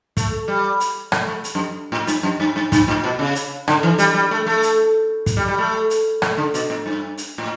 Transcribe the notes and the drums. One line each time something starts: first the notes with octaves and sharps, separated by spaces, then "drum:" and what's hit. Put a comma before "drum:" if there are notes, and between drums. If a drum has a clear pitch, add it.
A3, drum: kick, hi-hat
G3
drum: hi-hat
A3, drum: rim click
A3
drum: hi-hat
F#2
A2
G2, drum: hi-hat
F#2
G2
G2
G2, drum: kick, hi-hat
A2
B2
C#3
drum: hi-hat
D3, drum: rim click
E3
G3, drum: hi-hat
G3
A3
A3
drum: hi-hat
drum: kick, hi-hat
G3
G3
A3
drum: hi-hat
A3, drum: rim click
D3
B2, drum: hi-hat
A2
G2
drum: hi-hat
A2